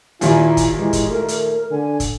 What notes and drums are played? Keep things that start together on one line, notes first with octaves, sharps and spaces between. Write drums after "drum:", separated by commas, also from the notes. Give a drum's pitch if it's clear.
D#2 A#2 E4 G#5, drum: hi-hat
drum: kick, hi-hat
E3 G#3
drum: kick, hi-hat
A3 A#4
drum: hi-hat
D3 G#5
drum: kick, hi-hat